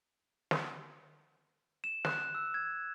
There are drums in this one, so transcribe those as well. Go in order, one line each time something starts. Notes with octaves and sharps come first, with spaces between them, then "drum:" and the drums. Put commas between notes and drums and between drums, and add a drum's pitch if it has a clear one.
drum: snare
E7
F#6, drum: snare
E6
G#6